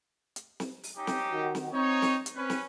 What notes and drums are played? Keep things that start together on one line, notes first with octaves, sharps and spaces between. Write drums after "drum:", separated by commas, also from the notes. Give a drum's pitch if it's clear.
drum: hi-hat
drum: snare
drum: open hi-hat
C#4 D#4 G4
drum: snare
D#3 F#4
drum: snare
C4 D#4 C#5
drum: snare
drum: hi-hat
C4 C#4 B4
drum: snare